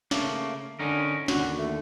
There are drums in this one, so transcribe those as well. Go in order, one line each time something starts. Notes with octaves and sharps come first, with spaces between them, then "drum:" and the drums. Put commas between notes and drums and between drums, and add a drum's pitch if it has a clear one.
C#3 A3 A#3, drum: snare
D3 C#4 D#4 A#4
D#2 G#2 D3 F#4, drum: snare
A3